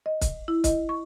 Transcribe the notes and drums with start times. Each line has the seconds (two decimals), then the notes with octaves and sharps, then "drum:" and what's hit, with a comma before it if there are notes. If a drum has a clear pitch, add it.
0.06 D#5
0.21 drum: kick, hi-hat
0.48 E4
0.64 D#5, drum: kick, hi-hat
0.89 C#6